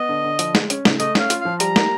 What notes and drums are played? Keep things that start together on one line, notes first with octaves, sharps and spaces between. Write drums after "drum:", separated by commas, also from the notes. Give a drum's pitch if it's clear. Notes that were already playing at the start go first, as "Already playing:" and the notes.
Already playing: B3 D#5
D3
D3
F3, drum: hi-hat
G#3, drum: snare
C#4, drum: hi-hat
C#3, drum: snare
A3 D#5, drum: hi-hat
C#4 F5, drum: snare
F4, drum: hi-hat
F3 F5
G3 A#5, drum: hi-hat
A#3, drum: snare